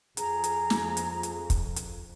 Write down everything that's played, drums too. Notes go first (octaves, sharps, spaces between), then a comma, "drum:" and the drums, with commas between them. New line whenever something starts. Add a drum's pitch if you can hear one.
F2 G#4 A#5, drum: hi-hat
drum: hi-hat
drum: snare
drum: hi-hat
drum: hi-hat
drum: kick, hi-hat
drum: hi-hat